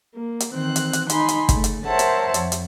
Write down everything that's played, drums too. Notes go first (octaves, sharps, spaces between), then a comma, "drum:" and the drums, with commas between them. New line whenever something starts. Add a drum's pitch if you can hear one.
A#3
drum: hi-hat
D#3 E3 C4 C5 F#6
drum: hi-hat
drum: hi-hat
D#4 G#5 B5 C6, drum: hi-hat
drum: hi-hat
C#3 A3, drum: kick, hi-hat
drum: hi-hat
A#4 C5 C#5 E5 F#5 A5
drum: hi-hat
F2, drum: hi-hat
drum: hi-hat